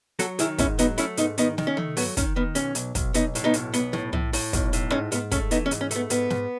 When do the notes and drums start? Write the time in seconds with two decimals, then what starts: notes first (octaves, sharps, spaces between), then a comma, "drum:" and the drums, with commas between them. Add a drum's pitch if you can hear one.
0.19 F#3 F#4 A4, drum: hi-hat
0.39 D#3 E4 G#4, drum: hi-hat
0.58 G#2 C#4 E4, drum: kick, hi-hat
0.79 F#3 B3 D#4, drum: hi-hat
0.98 A3 C#4 E4, drum: hi-hat
1.17 G#2 B3 D#4, drum: hi-hat
1.38 D#3 B3 D#4, drum: hi-hat
1.58 D#3, drum: snare
1.67 C#4
1.77 A3, drum: tom
1.97 F#3 B3, drum: open hi-hat
2.17 D#3 C#4, drum: kick, hi-hat
2.36 D#3 B3
2.55 B1 C#4, drum: hi-hat
2.75 B1, drum: hi-hat
2.95 B1, drum: kick, hi-hat
3.14 B1 B3 D#4, drum: hi-hat
3.35 A2, drum: hi-hat
3.44 B3 D#4
3.54 B1, drum: hi-hat
3.74 B1 B3, drum: hi-hat
3.93 A2, drum: snare
4.13 A2, drum: tom
4.33 A2, drum: open hi-hat
4.53 B1, drum: kick, hi-hat
4.73 A2, drum: hi-hat
4.92 G#2 C#4
5.12 G#2 B3, drum: hi-hat
5.31 A3 C#4, drum: kick, hi-hat
5.51 E3 B3 D#4, drum: hi-hat
5.66 C#4
5.71 G#2, drum: hi-hat
5.81 C#4
5.91 A3 B3, drum: hi-hat
6.10 G#2 B3, drum: hi-hat
6.30 G#2, drum: snare